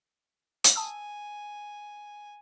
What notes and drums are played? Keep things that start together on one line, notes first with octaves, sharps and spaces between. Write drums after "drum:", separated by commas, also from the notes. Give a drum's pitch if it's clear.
drum: hi-hat
G#5 A5 D#6 E6